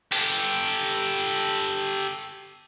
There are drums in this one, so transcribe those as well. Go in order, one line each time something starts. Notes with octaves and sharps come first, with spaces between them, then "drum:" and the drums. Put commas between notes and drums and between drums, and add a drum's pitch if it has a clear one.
G4 A4, drum: open hi-hat